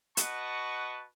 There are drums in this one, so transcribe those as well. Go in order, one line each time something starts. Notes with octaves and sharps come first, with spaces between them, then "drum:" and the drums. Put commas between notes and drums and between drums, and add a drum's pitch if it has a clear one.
F#4 B4 D#5 F#5 A5 C#6, drum: hi-hat